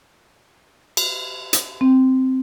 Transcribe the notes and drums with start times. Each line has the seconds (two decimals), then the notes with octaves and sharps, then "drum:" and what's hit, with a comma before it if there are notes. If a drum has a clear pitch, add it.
0.97 drum: cymbal
1.53 drum: hi-hat
1.81 C4